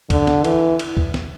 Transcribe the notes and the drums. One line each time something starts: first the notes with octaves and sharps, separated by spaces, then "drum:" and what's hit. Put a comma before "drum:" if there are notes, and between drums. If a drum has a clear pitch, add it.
D3, drum: kick, cymbal
drum: snare
E3, drum: cymbal
drum: cymbal
drum: kick
drum: snare